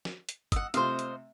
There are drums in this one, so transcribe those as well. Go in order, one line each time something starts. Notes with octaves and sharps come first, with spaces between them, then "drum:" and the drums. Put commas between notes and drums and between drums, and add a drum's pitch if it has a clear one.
drum: snare
drum: hi-hat
D#5 F#5 E6, drum: kick, hi-hat
C3 A3 F4 C5 D#5 F5, drum: hi-hat
drum: hi-hat